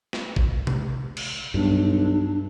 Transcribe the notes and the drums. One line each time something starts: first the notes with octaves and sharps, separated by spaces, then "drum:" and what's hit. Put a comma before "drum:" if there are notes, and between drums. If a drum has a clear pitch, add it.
drum: snare
drum: kick
drum: tom C3
drum: cymbal
B1 G2 D4